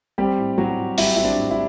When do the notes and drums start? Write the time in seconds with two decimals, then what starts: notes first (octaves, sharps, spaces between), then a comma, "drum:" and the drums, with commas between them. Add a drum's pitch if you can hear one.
0.18 G3 C4 G4
0.38 A2
0.58 A2 F#3 F#4
0.78 A2
0.98 G3 E4, drum: open hi-hat
1.16 C4 E4
1.25 D4
1.38 A2
1.51 E4